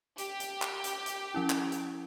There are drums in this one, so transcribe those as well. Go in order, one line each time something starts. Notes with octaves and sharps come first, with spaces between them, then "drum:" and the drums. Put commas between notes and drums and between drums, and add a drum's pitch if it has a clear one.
G4, drum: hi-hat
drum: hi-hat
drum: clap
drum: hi-hat
drum: hi-hat
F3 C#4 E4
drum: clap
drum: hi-hat